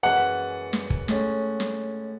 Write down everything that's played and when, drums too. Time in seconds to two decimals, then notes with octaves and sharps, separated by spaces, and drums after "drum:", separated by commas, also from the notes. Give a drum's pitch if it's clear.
0.03 F#2 E3 G#3 F#5
0.73 drum: snare
0.90 drum: kick
1.08 A2 G#3 C#4, drum: snare
1.60 drum: snare